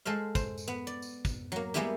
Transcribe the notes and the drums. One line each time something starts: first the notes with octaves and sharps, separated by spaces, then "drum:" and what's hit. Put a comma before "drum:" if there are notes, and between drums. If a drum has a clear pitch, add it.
G#3 A4 C5 F5
C5, drum: kick, tambourine
drum: tambourine
B3
D5
drum: tambourine
drum: kick, tambourine
F#3 A#3
G3 G#3 A#3 B3 E4 G4